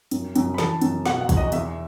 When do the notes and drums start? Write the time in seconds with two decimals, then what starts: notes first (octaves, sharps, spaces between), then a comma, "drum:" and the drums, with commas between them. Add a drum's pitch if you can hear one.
0.11 F#2, drum: hi-hat
0.36 F#2, drum: hi-hat
0.54 B5
0.58 E3 A5, drum: snare
0.81 F#2, drum: hi-hat
1.06 B2 F#5, drum: snare
1.21 F#5
1.29 E2, drum: kick, hi-hat
1.37 D#5
1.52 E2 E5, drum: hi-hat